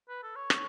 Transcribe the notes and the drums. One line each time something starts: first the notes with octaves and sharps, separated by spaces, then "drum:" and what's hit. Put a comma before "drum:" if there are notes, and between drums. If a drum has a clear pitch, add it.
B4
A4
C#5
drum: rim click